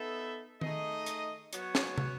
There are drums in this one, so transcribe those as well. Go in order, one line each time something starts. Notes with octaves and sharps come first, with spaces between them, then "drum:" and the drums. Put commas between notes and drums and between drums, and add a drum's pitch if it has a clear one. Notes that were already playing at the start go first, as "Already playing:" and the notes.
Already playing: B3 D#4 A4 E5
A3 D#4 G#4 D#5, drum: tom D#3
drum: hi-hat
F#3 B3 F#4 C#5, drum: hi-hat
drum: snare
drum: tom